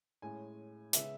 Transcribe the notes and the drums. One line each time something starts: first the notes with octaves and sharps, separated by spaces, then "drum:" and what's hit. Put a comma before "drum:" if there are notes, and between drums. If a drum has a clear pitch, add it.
A2 G#3 C#4 G#5
C#3 G#3 B3 E5, drum: hi-hat